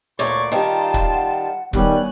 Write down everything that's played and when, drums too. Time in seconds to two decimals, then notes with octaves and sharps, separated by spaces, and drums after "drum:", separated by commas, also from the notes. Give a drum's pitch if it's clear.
0.19 D2 A#2 C#5 D5 C#6
0.52 D#3 G3 F4 A5 A#5
0.94 drum: kick
1.13 F#5
1.73 D#3 G3 B3 C#4 F#6, drum: kick